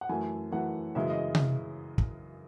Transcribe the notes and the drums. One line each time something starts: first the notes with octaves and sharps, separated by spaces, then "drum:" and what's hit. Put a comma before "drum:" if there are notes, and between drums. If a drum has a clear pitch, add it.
F#5
F#2 E3 A3 G#5
F#2 E3 A3 F#5
F#2 C#3 E3 G#3 E5
D#5
drum: tom C3
drum: kick